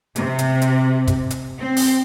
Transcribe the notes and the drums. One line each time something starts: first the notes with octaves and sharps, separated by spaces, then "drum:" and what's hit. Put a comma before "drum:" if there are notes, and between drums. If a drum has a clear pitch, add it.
C3, drum: hi-hat
drum: hi-hat
drum: hi-hat
drum: kick, hi-hat
drum: hi-hat
C4
drum: open hi-hat